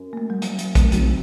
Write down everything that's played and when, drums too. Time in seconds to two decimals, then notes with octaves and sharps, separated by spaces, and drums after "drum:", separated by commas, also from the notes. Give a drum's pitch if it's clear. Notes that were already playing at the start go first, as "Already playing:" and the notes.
Already playing: F#2
0.13 A#3
0.17 A3
0.30 G3
0.42 F#3, drum: hi-hat
0.59 F#3, drum: hi-hat
0.75 A3, drum: kick, hi-hat
0.92 C3 F#3 A3 C4 D#4, drum: hi-hat